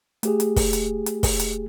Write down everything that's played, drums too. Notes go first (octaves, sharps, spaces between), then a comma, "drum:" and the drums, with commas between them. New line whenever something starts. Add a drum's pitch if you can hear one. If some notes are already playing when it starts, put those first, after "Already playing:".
A3 G4 G#4, drum: hi-hat
drum: hi-hat
drum: kick, open hi-hat
drum: hi-hat
drum: hi-hat
drum: kick, open hi-hat
drum: hi-hat